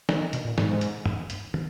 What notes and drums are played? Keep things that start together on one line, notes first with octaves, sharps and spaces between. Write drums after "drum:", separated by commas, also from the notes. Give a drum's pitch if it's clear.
D#3, drum: snare
D#3
B2, drum: hi-hat
A#2
G#2, drum: snare
drum: hi-hat
drum: tom
drum: hi-hat
drum: tom